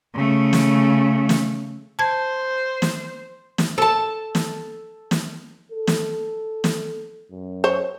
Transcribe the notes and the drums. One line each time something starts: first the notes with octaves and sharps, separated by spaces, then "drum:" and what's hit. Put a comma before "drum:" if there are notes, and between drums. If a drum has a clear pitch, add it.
C#3 A3
drum: snare
drum: snare
C5 A5 G#6
drum: snare
drum: snare
A4 A5
drum: snare
drum: snare
A4
drum: snare
drum: snare
F#2
C5 C#5